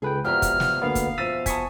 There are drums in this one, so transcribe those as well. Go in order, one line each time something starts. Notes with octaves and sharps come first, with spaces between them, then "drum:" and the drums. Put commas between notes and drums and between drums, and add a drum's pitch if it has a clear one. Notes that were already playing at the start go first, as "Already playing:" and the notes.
C#2 G#4 A4 B4 G5
G#1 F3 B3 G4 E5 A#5 F6
drum: kick, hi-hat
drum: snare
D2 D3 A#3 B3 F5
drum: kick, hi-hat
E2 B2 F3 E6 A6 B6 D#7
G#5 A5 C#6 D#6 B6, drum: kick, hi-hat